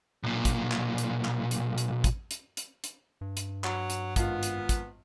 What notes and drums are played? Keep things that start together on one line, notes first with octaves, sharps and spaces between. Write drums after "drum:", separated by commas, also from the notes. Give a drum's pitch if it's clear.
B1 A#2
drum: kick, hi-hat
drum: clap
drum: hi-hat
drum: clap
drum: hi-hat
drum: hi-hat
drum: kick, hi-hat
drum: hi-hat
drum: hi-hat
drum: hi-hat
G2
drum: hi-hat
F#3, drum: clap
drum: hi-hat
G#1 B3 F4, drum: kick, hi-hat
drum: hi-hat
drum: kick, hi-hat